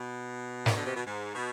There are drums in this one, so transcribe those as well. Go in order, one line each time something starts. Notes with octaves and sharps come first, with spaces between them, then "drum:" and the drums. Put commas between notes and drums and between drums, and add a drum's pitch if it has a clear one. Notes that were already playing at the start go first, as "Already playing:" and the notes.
Already playing: B2
D#3, drum: snare
D3
C3
B2
G#2
B2